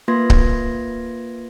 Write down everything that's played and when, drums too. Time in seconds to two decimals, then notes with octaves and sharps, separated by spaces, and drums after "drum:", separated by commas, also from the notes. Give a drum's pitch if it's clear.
0.08 A#3 F4 B4 C6 G#6 A#6
0.30 drum: kick C#1